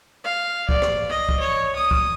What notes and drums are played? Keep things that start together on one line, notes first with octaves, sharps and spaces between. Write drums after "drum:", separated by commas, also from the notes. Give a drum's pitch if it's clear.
F5
D5, drum: kick C#2
drum: rim click
D#5
drum: kick C#2
C#5
D#6
drum: kick C#2